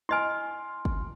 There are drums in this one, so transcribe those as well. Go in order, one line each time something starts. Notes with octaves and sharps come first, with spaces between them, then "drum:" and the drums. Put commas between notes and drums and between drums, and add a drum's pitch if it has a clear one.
E4 D#5 G#5 C6 F6
drum: kick